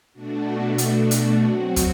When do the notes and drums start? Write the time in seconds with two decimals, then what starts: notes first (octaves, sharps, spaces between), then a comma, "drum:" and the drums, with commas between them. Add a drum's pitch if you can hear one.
0.13 B2 A3 D4 F#4
0.78 drum: hi-hat
1.11 drum: hi-hat
1.44 F#3 C4 F#4
1.76 drum: kick, hi-hat